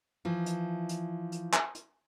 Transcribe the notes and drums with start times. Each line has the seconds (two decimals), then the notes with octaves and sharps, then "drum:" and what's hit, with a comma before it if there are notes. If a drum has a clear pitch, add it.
0.25 E3 F3
0.46 drum: hi-hat
0.89 drum: hi-hat
1.32 drum: hi-hat
1.53 drum: clap
1.75 drum: hi-hat